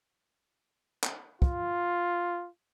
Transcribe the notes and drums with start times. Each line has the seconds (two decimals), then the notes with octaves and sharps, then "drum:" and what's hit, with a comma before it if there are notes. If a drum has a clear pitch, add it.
1.03 drum: clap
1.42 F4, drum: kick